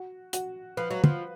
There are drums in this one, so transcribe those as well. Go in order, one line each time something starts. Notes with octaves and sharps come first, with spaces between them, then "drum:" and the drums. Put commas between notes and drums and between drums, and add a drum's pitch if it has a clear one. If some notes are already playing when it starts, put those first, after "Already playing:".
Already playing: F#4
F#4, drum: hi-hat
F3 B4
F#3
F3, drum: tom